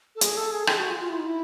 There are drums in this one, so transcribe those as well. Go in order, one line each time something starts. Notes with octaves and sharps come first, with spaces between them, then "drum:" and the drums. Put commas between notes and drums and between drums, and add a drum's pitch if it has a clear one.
A4
G#4, drum: hi-hat
A4
G#4
G#4, drum: rim click
F#4
F4
F4
E4
D#4
E4